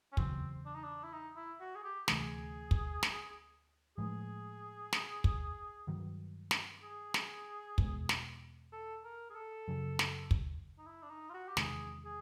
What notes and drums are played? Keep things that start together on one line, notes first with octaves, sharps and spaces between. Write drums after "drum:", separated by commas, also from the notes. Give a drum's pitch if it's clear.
C#4
E2 C#3 F#3 C4, drum: kick
D4
D#4
D4
E4
D#4
E4
F#4
G#4
G4
D2 C3 E3 A3 G#4, drum: snare
drum: kick
drum: snare
A2 F3 G#3 G#4
drum: snare
drum: kick
G2 D#3 F#3
drum: snare
G#4
drum: snare
E2 B2 G#3, drum: kick
drum: snare
A4
A#4
G#4
A4
F#2 C#3 F#3
drum: snare
drum: kick
D#4
E4
D4
D#4
F4
F#4
G4
E2 C3 D#3 G#3 G#4, drum: snare
G#4